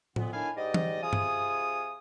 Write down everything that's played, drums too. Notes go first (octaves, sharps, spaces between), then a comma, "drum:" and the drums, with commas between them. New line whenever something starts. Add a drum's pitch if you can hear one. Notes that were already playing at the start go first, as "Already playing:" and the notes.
F2 A#2 B3, drum: tom A2
A2 D#3 D4 E4 F5 G#5
G#2 G4 D5 D#5
drum: tom E3
C3 F4 G#4 G#5 D#6
drum: tom G2